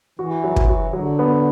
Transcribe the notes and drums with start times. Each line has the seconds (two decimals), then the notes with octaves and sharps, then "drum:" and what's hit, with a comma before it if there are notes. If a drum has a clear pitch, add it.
0.19 E3 F#4
0.44 F#3
0.56 drum: kick
0.69 F#4
0.84 C3
0.93 D3 F#3
1.19 B3